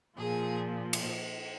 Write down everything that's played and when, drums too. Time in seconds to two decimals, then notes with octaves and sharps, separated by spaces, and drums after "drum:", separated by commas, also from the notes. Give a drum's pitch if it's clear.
0.17 A#2 F3 G#4
0.93 drum: cymbal